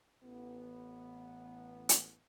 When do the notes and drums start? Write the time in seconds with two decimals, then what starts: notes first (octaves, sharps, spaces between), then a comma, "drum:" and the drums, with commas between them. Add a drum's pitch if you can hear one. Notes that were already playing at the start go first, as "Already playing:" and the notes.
0.23 A1 B3
1.89 drum: hi-hat